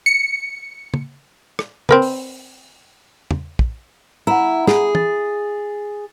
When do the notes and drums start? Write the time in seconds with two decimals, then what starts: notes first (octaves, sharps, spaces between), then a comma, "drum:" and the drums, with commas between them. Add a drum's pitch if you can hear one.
0.06 C#7
0.94 drum: tom
1.59 drum: rim click
1.89 C4 A#4 B4, drum: tom
2.02 drum: open hi-hat
3.31 drum: tom
3.59 drum: kick
4.27 E4 F#5 A#5
4.67 G#4, drum: snare
4.95 A6, drum: tom